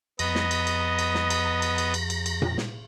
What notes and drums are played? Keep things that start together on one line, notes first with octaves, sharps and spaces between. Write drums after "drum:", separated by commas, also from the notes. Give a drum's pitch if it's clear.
F2 B3 D#5 A#5 A#6, drum: cymbal
drum: snare
drum: cymbal
drum: cymbal
drum: cymbal
drum: snare
drum: cymbal
drum: cymbal
drum: cymbal
drum: cymbal
drum: cymbal
drum: cymbal
drum: tom A#2
drum: snare